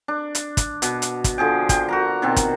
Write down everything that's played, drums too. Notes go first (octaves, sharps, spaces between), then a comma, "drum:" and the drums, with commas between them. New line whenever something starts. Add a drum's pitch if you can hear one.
D4
drum: hi-hat
drum: kick, hi-hat
B2, drum: hi-hat
drum: hi-hat
drum: kick, hi-hat
D3 F3 G#4 G5
G5, drum: kick, hi-hat
F#4 A#4 A#5
B2 D#3 C4
drum: kick, hi-hat